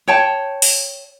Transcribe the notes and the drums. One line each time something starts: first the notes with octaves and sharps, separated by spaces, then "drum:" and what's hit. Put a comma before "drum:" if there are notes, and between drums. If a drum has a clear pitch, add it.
C#5 G5 A5
drum: open hi-hat